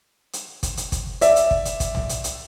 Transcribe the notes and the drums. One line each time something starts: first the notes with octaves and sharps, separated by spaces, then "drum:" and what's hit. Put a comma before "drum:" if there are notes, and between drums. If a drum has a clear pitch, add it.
drum: hi-hat
drum: kick, hi-hat
drum: hi-hat
drum: kick, hi-hat
D5 E5, drum: hi-hat
drum: hi-hat
drum: kick
drum: hi-hat
drum: kick, hi-hat
drum: tom
drum: hi-hat
drum: hi-hat